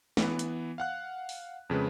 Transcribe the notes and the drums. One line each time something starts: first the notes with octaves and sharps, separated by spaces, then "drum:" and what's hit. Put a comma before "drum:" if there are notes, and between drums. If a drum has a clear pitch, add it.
E3 B3, drum: snare
drum: hi-hat
F5 F#5 F#6
drum: open hi-hat
F2 C#3 G#3 B4